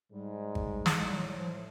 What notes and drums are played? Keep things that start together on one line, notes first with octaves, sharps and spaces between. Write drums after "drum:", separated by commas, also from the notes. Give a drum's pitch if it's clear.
G#2 G3
drum: kick G#1
drum: snare
A2 G#3
G3
F#3
F#3
F3